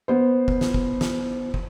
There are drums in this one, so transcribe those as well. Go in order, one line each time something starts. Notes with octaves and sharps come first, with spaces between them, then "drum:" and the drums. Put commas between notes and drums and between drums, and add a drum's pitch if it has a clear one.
B3 C5
drum: kick
drum: snare
drum: kick
drum: snare
drum: kick